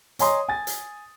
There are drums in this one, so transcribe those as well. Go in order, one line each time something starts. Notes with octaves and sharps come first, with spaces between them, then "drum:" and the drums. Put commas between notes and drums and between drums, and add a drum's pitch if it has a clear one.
C#5 D#5 G#5 A#5 C6 D#6, drum: hi-hat
G#5 A6
drum: hi-hat